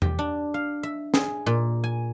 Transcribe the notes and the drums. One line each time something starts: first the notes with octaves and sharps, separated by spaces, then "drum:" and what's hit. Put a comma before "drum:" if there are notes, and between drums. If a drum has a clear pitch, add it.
G4, drum: tom E2
D4
F5
E5
G#4, drum: snare
A#2
G#5